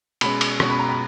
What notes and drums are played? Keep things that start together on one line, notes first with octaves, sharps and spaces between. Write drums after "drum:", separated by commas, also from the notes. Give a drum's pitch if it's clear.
B2 G#3 C#4 B5, drum: cymbal
drum: cymbal
B2 G#3 C#4 C#6, drum: rim click
B5
A#5
B5